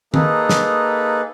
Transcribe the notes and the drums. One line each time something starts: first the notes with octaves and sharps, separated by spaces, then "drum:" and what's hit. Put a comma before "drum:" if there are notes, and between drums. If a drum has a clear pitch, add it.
A#3 D#4 G#4 A4 B4, drum: tom
drum: snare